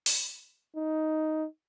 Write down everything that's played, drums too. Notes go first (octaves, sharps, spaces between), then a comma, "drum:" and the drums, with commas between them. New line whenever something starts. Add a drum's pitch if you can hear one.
drum: open hi-hat
D#4